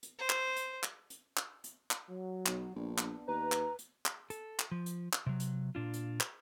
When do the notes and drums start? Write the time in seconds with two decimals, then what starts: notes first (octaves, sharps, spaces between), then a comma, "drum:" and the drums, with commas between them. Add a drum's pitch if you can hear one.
0.03 drum: hi-hat
0.19 C5
0.30 drum: clap
0.57 drum: hi-hat
0.83 drum: clap
1.10 drum: hi-hat
1.37 drum: clap
1.64 drum: hi-hat
1.91 drum: clap
2.09 F#3
2.46 B1, drum: clap
2.76 A#1 B3 D4
2.98 drum: clap
3.28 D#2 B4 A#5
3.52 drum: clap
3.79 drum: hi-hat
4.06 drum: clap
4.30 A4, drum: hi-hat
4.59 drum: clap
4.71 F3
4.86 drum: hi-hat
5.13 drum: clap
5.26 C3 F#3
5.40 drum: hi-hat
5.75 A#2 D4 F4
5.94 drum: hi-hat
6.20 drum: clap